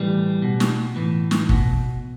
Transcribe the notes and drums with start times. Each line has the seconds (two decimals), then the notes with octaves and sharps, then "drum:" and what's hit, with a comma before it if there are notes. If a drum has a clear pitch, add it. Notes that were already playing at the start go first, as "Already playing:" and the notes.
Already playing: A2 E3 G3
0.42 B2
0.60 drum: snare
0.96 A2 E3
1.31 drum: snare
1.49 B2, drum: kick